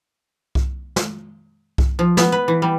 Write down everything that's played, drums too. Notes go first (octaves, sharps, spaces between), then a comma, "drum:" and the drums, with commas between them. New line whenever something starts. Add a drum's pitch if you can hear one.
drum: kick C2
drum: snare
drum: kick C2
F3
B3, drum: snare
B4
E3
G3